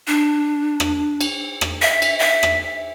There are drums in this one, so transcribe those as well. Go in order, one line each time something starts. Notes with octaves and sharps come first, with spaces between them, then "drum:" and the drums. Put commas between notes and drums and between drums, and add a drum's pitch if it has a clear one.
D4
drum: rim click
drum: cymbal
drum: rim click
E5
drum: cymbal
E5
drum: rim click